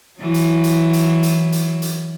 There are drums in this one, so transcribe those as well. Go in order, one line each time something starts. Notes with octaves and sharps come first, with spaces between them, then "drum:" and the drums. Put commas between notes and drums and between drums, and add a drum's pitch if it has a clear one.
E3 F#3
drum: hi-hat
drum: hi-hat
drum: hi-hat
drum: hi-hat
drum: hi-hat
drum: hi-hat